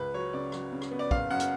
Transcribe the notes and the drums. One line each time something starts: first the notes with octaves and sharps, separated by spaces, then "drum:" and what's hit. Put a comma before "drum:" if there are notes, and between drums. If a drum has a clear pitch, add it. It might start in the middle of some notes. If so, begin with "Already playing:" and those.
Already playing: C#2 B4
F#3 C#5
C#3 D5
F#3, drum: rim click
C#3
drum: rim click
B3
D5
F#1 F5, drum: kick
F#2 F#5
drum: hi-hat